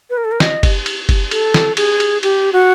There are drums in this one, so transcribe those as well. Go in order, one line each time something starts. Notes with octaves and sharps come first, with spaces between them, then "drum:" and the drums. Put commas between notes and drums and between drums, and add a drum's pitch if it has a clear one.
B4
A#4
A4
A#4
D#5, drum: snare
drum: kick F#1, cymbal
drum: cymbal
drum: kick F#1, cymbal
A4, drum: cymbal
drum: snare
G#4, drum: cymbal
drum: cymbal
G4, drum: cymbal
F#4